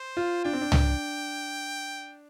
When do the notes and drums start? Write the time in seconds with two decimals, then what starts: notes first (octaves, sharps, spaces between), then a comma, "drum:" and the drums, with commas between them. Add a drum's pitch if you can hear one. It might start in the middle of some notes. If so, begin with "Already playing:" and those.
Already playing: C5
0.17 F4
0.45 D4 G5
0.53 C4
0.61 D4
0.72 drum: tom